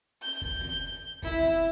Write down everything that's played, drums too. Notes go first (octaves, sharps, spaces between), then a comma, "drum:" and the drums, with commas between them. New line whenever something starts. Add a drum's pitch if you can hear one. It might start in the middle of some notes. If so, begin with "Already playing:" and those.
G6
drum: kick
drum: snare
E4, drum: kick
drum: snare